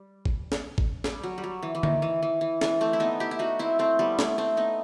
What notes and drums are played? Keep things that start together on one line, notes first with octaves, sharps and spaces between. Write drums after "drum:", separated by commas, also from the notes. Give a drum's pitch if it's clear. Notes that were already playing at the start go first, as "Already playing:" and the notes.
Already playing: G3
drum: kick G#1
drum: snare
drum: kick G#1
G3, drum: snare
F#3
G3
F#3
E3
E3
D#3, drum: tom D3
E3
E3
E3
E3, drum: snare
A3 C4
E4
B3 D#4
E4 G4
E4
D#4 F#4
C4 E4
A3 C4
G3 B3
A3, drum: snare
A3 C4
B3 D#4